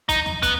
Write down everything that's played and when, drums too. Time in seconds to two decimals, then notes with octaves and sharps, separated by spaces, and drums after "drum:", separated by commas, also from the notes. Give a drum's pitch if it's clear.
0.09 D#4, drum: kick, hi-hat
0.26 drum: tom D#2
0.42 B3, drum: kick, hi-hat